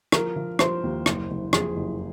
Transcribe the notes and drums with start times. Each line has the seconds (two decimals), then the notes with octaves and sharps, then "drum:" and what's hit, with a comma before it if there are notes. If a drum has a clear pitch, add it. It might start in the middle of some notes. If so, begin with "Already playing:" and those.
0.12 F3 A#4, drum: rim click
0.36 F3
0.59 F3 C5, drum: rim click
0.83 D#2
1.06 F#1, drum: rim click
1.31 F#1
1.53 F2 G#4, drum: rim click
1.77 F#1